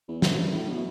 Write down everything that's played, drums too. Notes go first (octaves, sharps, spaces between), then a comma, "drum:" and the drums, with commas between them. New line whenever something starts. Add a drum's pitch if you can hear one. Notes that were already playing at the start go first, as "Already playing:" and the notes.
E2
F#2, drum: snare
G2
A2
B2